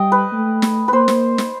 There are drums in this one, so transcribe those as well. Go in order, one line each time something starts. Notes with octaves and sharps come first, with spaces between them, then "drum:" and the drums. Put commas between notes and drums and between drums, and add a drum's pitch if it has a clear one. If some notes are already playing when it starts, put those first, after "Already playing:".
Already playing: G3 D#5 G5
B4
A3
drum: snare
A#3 B4 C5
drum: snare
drum: snare